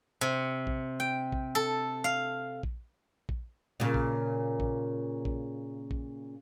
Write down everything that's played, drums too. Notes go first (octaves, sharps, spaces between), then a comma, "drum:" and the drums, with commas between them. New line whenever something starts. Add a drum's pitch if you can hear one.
C3
drum: kick A#1
G5
drum: kick A#1
A4
F5
drum: kick A#1
drum: kick A#1
A#2 C#3
drum: kick A#1
drum: kick A#1
drum: kick A#1
drum: kick A#1